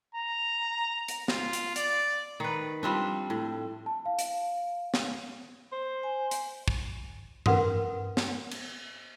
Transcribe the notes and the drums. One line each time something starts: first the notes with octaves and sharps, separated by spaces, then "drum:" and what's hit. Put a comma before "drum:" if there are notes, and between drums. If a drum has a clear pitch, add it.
A#5
drum: hi-hat
F4, drum: snare
drum: hi-hat
D5, drum: hi-hat
D#3 B4
F3 G3 C4 D4
A2
A5
F5
drum: hi-hat
drum: snare
C5
G#5
drum: hi-hat
drum: kick
C#4 A#4 B4 F#5 C6 D#6, drum: tom G2
drum: snare
drum: cymbal